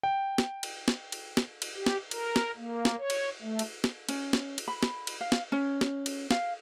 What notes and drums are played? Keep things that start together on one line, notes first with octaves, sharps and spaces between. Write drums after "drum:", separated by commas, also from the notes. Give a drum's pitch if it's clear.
G5
drum: snare
drum: cymbal
drum: snare
drum: cymbal
drum: snare
drum: cymbal
G4
drum: snare
A#4, drum: cymbal
drum: snare
A#3
drum: snare
C#5
drum: cymbal
A3
drum: cymbal
drum: snare
C#4, drum: cymbal
drum: snare
drum: cymbal
B5
drum: snare
drum: cymbal
F5
drum: snare
C#4
drum: snare
drum: cymbal
F5, drum: snare